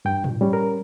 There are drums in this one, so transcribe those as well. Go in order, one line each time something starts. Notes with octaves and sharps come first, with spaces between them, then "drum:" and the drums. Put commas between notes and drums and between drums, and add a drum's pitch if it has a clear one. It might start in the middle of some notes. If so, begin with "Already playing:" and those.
G2 G5
drum: tom A2
G3 C#4
A#4